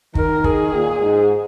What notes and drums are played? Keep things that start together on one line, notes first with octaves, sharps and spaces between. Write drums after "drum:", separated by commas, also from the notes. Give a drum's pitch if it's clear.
D#3 A#4, drum: kick
G#4, drum: kick
A#2
G#2